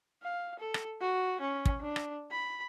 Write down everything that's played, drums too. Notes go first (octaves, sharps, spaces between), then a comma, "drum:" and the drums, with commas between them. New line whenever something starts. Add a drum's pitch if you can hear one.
F5
A4
drum: rim click
F#4
C#4
drum: kick
D4
drum: rim click
B5